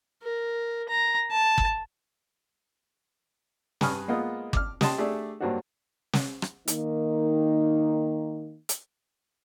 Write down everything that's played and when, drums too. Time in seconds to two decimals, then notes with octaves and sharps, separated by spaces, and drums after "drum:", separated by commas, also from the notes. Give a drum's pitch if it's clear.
0.23 A#4
0.89 A#5
1.31 A5
1.58 drum: kick
3.81 G2 B4 G#5 C#6 D#6 F6, drum: snare
4.08 G#3 A#3 B3 F4 D#5
4.53 D6 F6, drum: kick
4.81 G4 D#5 G5 A5 C6, drum: snare
4.98 A3 D4 G4 G#4 D5 E5
5.40 G2 F#3 A#3 C4 D4 F#4
6.13 drum: snare
6.42 drum: rim click
6.68 D#3 A#3 D#4, drum: hi-hat
8.69 drum: hi-hat